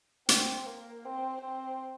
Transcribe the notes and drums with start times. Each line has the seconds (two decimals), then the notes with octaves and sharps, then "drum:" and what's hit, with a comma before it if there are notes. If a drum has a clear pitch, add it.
0.29 C4, drum: hi-hat
0.66 A#3
1.05 C4
1.41 C4